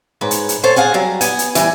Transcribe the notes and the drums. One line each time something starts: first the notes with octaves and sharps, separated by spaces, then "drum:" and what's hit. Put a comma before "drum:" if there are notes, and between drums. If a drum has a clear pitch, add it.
G#2 B4 C#5
drum: hi-hat
drum: hi-hat
A4 C5 C#5 A5
G#4 F5 F#5 G#5
F#3 G3
B3 G#5, drum: hi-hat
drum: hi-hat
E3 G3 G#5, drum: hi-hat